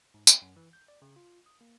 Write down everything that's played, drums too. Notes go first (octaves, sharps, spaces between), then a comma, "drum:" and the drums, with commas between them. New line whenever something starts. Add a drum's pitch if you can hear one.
G#2
E5, drum: tambourine
F#2
E3
G6
D5
C#3
F4
D#6
A#3